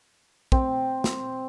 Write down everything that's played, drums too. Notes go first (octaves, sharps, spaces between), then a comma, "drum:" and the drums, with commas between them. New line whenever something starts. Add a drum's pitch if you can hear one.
C4, drum: kick
drum: snare